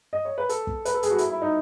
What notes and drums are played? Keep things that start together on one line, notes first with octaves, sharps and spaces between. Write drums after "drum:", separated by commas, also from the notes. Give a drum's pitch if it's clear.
D#5
C#5
B4
A4, drum: hi-hat
drum: kick
B4, drum: hi-hat
A4
G#4, drum: hi-hat
F#4
E4, drum: hi-hat
E4
D#4